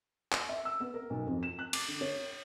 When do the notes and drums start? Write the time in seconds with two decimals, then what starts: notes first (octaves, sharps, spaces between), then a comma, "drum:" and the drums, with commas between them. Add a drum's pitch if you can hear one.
0.32 drum: clap
0.49 E5
0.65 E6
0.80 B3
0.94 A#4
1.10 B1
1.26 F2
1.43 E7
1.59 F#6
1.73 D6, drum: cymbal
1.88 D3
2.01 C#5